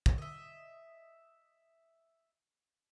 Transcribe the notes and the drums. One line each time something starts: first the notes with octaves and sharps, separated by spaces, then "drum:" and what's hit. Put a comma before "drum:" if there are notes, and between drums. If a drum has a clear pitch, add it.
drum: kick
D#5 E5